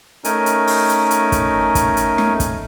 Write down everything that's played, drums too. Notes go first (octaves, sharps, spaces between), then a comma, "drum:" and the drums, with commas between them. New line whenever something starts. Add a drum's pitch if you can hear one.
A3 C#4 D#4 A#4 G#5, drum: hi-hat
drum: hi-hat
drum: open hi-hat
drum: hi-hat
drum: hi-hat
drum: kick, hi-hat
drum: kick, hi-hat
drum: hi-hat
drum: snare
drum: kick, hi-hat